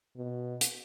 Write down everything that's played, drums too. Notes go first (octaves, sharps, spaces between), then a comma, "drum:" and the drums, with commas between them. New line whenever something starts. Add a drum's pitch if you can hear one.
B2
drum: hi-hat